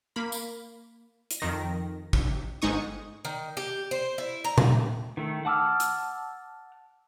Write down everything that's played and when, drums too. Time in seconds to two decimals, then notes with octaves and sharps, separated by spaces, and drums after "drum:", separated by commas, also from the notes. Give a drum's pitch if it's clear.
0.16 A#3 B5
0.32 drum: tambourine
1.31 drum: hi-hat
1.40 F2 D#3 A#6
2.13 drum: kick
2.62 G1 G#2 G#3 D#4 C#6 D#6
3.25 D#3
3.57 G4
3.91 C5
4.18 E4
4.44 A#5
4.58 drum: tom A#2
5.17 D#3 A3
5.45 F#5 A5 D6 E6 F6
5.80 drum: hi-hat